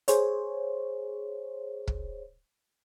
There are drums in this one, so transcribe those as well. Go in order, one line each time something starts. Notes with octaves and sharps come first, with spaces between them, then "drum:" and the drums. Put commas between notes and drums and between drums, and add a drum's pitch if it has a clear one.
G#4 C5 C#5, drum: hi-hat
drum: kick